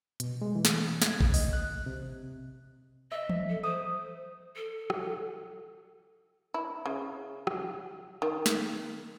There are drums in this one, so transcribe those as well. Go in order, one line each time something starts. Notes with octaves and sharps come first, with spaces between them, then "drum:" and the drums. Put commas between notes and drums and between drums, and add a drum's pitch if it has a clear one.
B2, drum: hi-hat
G#3
E3
drum: snare
G#6, drum: snare
drum: kick G#1
D#5, drum: open hi-hat
F#6
C3
D#5 E5
drum: tom E3
A4
C5 D#6
A4
drum: rim click
E4
C#3
drum: rim click
D#3
drum: snare